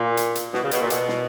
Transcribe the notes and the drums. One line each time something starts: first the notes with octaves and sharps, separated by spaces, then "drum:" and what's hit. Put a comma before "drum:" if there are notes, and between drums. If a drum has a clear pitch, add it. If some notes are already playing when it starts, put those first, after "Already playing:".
Already playing: A#2
drum: hi-hat
drum: hi-hat
B2, drum: snare
C#3
B2, drum: hi-hat
A#2
B2, drum: hi-hat
drum: snare